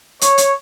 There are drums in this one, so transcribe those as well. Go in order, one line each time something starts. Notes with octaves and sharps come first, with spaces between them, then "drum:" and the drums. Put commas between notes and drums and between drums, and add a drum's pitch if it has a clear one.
C#5, drum: hi-hat
drum: hi-hat